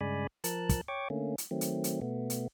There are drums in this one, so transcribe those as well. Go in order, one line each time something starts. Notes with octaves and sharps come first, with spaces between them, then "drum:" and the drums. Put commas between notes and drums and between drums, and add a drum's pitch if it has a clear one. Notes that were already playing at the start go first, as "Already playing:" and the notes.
G2 C#3 G#3 D5 G#5 B5
F3 A#4 A5 F#6, drum: hi-hat
drum: kick, hi-hat
C#5 G5 C#6 D6
D3 A3 A#3 C#4
drum: hi-hat
D#3 F#3 A3 C4
drum: hi-hat
drum: hi-hat
B2 A3 B3
drum: hi-hat